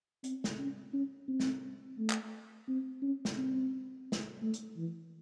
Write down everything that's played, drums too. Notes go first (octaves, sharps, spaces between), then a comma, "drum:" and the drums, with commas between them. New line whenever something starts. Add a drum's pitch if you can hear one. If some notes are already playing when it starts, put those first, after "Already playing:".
C4, drum: hi-hat
drum: snare
C#4
C#4
C4
drum: snare
A3
drum: clap
C4
C#4
drum: snare
C4
drum: snare
A3
drum: hi-hat
E3